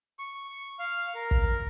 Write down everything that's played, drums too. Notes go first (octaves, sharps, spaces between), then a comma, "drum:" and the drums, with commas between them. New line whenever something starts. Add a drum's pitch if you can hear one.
C#6
F5
A#4
drum: kick